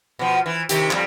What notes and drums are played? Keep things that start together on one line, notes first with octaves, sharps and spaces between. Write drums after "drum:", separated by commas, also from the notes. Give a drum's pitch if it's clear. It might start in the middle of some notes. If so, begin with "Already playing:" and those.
B2 F3
E3
C3 D#3 G4, drum: hi-hat
F2 G3, drum: clap